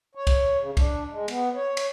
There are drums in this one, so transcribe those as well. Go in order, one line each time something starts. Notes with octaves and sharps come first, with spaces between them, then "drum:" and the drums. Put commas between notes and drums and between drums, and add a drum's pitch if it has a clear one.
C#5
drum: kick C2, cymbal
C#3
D4, drum: kick C2, cymbal
G#3
B3, drum: cymbal
C#5
drum: cymbal